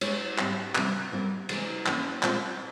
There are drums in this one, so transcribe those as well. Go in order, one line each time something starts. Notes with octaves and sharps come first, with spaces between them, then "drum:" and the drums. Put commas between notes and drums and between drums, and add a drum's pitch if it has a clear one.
G#3 E4 G4 C#5, drum: cymbal
G#2 G3 C4 G4 C5, drum: clap
C3 E3 G3 C4 E4, drum: clap
G3 C4 E4 A#4
C3 E3 G#3 C4, drum: cymbal
E3 A#3 C#4, drum: clap
A#2 G#3 C4 F4 C5, drum: clap